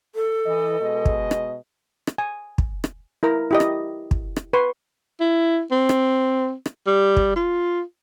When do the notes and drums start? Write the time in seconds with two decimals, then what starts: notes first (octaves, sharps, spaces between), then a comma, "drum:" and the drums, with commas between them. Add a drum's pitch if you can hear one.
0.15 A4
0.46 E3 D#5
0.80 B2 G#3 D#5
1.05 drum: kick
1.31 drum: rim click
2.07 drum: rim click
2.18 G#5
2.58 drum: kick
2.84 drum: rim click
3.23 E4 A#4 A#5
3.51 E4 G4 D#5
3.60 drum: rim click
4.11 drum: kick
4.36 drum: rim click
4.53 B4 C6 C#6
5.20 E4
5.71 C4
5.89 drum: rim click
6.66 drum: rim click
6.87 G3
7.17 drum: kick
7.36 F4